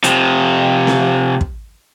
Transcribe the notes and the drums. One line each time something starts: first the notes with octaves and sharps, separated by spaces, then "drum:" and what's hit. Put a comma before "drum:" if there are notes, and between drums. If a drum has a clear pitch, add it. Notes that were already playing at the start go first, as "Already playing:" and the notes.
C3 F3, drum: hi-hat
drum: snare C4
drum: kick